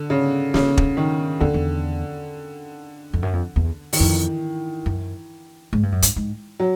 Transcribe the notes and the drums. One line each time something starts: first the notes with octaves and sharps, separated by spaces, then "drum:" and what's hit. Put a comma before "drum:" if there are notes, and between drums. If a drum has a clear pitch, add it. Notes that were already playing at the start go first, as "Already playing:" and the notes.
Already playing: D3
C#3
C#3, drum: snare
drum: kick
D#3
E2 D3
E2
F2
F#2
F2
E2
D#3, drum: open hi-hat
F2 E3
F#2
G#2
G2
F#2
G2, drum: hi-hat
G#2
F#3